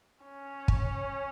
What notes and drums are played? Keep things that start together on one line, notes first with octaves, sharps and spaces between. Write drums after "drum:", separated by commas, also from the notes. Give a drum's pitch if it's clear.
C#4
drum: kick